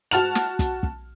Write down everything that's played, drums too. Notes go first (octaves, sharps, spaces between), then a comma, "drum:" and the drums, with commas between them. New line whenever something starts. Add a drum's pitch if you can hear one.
F#4 A5 F6 F7, drum: hi-hat
drum: snare
drum: kick, hi-hat
drum: kick